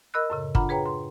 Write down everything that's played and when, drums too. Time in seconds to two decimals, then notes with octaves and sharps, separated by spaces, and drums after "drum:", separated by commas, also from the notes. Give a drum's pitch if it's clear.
0.14 A#4 D#5 B5 E6 F#6
0.30 F#2 A2 C#3
0.55 D4 F4 F#5 A#5 B5, drum: kick G1
0.69 G#4 B4 C#5 G5 A#5
0.86 C6